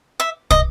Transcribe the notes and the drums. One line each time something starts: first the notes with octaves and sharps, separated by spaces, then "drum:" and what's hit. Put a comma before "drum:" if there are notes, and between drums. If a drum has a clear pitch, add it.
E5
D#5, drum: kick